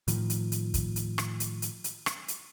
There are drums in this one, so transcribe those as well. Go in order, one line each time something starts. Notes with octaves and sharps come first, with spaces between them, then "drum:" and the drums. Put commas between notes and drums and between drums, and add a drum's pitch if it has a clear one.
A2 D#3 F3, drum: hi-hat
drum: hi-hat
drum: hi-hat
drum: kick, hi-hat
drum: hi-hat
drum: rim click
drum: hi-hat
drum: hi-hat
drum: hi-hat
drum: rim click
drum: hi-hat